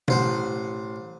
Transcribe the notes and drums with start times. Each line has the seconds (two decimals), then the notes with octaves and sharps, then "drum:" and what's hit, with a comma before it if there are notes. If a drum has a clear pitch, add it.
0.08 A1 C5 F#5, drum: tom B2